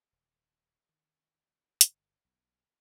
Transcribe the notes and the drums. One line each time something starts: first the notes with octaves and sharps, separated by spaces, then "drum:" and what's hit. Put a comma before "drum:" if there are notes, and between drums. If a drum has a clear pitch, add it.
D#1
D#3
G1, drum: hi-hat
B1